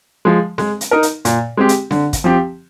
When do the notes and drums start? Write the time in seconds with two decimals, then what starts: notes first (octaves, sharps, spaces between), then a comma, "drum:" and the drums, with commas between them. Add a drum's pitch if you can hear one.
0.25 F3 G#3
0.58 G#3, drum: snare C4
0.81 drum: hi-hat
0.91 D#4 A#4
1.03 drum: hi-hat
1.25 A#2, drum: hi-hat
1.57 G#3 C4 G4
1.69 drum: hi-hat
1.91 D3, drum: snare C4
2.13 drum: kick, hi-hat
2.24 F3 C4 G4